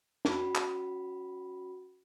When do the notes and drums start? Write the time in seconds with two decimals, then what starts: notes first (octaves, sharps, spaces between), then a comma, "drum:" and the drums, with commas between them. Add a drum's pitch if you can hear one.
0.25 C#4 F#4 B5, drum: snare
0.55 drum: clap